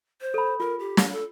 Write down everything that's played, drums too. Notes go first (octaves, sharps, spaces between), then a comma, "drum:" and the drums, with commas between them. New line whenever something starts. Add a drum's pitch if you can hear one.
C5
A4 B5
F4 A#4
G4
drum: snare
A4